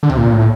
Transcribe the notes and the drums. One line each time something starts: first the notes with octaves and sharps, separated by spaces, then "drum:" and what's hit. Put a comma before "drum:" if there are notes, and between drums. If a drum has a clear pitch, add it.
D3
C3, drum: tom C2
A#2
A2